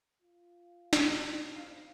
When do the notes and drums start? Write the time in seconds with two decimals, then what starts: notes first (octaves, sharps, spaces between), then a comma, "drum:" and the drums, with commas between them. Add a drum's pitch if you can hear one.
0.22 F4
0.93 drum: snare
1.56 C4 F5